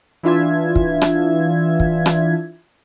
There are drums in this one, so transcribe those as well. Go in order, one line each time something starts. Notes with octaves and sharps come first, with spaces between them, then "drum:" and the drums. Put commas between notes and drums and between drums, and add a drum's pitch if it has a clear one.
E3 D4 F4 E5 G#6
drum: kick
drum: rim click
drum: kick
drum: rim click